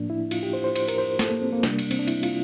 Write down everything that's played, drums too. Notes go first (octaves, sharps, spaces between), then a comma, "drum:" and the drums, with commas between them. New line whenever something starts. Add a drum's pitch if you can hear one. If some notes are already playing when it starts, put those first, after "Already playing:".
Already playing: A2 F3 A#3 D4
E4
F4, drum: cymbal
G4
C5
C5
C5, drum: cymbal
A#4, drum: cymbal
C5
A4, drum: snare
A#3
C4
A#3
C3 G3 A#3 D4, drum: snare
drum: cymbal
C4, drum: cymbal
D4
E4, drum: cymbal
F4, drum: cymbal